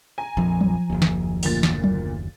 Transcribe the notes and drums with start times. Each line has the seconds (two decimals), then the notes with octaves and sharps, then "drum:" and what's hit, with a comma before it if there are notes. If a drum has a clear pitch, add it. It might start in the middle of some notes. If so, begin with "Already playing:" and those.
0.18 G#5 A#5
0.37 A#1 F2 F3
0.61 drum: tom F#3
0.90 F#1 D#2
1.02 drum: snare
1.43 D2 A#2 A6, drum: open hi-hat
1.63 drum: snare
1.84 drum: tom F#3